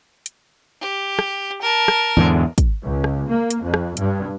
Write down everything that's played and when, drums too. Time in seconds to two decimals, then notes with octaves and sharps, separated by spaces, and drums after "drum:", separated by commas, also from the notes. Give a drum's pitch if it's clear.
0.26 drum: hi-hat
0.81 G4
1.19 drum: rim click
1.61 A#4 A5
1.88 drum: rim click
2.17 E2 G#2 D3
2.58 drum: kick, hi-hat
2.82 C#2
3.04 drum: rim click
3.28 A#3
3.50 drum: hi-hat
3.62 F2
3.74 drum: rim click
3.97 G2, drum: hi-hat